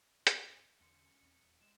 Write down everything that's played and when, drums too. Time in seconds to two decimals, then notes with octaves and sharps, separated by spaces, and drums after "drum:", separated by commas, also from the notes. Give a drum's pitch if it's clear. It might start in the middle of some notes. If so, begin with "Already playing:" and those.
0.27 G1 C4, drum: hi-hat
0.81 E2 D3 C#4 C6 C#7
1.21 D#1 E2 C4
1.61 G#3 E7